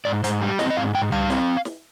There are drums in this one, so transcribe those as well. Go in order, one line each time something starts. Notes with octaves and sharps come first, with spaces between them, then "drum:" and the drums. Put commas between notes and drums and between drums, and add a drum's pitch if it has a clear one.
G#2 D5
G#2 C5, drum: hi-hat
G3
C4 D#5, drum: snare
D#5
G#2 F5
G#2 G5
G3 F5, drum: tom C2
C4, drum: snare
drum: snare